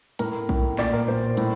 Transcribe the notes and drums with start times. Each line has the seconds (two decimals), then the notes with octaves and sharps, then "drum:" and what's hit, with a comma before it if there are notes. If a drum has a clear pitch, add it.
0.19 A2 A#4, drum: hi-hat
0.49 A2, drum: kick A#1
0.78 A#2 D5, drum: clap
0.93 A#4
1.08 A#2 C5
1.37 A2, drum: hi-hat